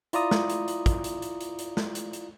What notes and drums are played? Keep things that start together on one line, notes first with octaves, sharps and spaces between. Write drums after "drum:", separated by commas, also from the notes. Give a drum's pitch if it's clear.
E4 F4 D5 A#5 D#6, drum: hi-hat
drum: snare
drum: hi-hat
drum: hi-hat
drum: kick, hi-hat
drum: hi-hat
drum: hi-hat
drum: hi-hat
drum: hi-hat
drum: snare
drum: hi-hat
drum: hi-hat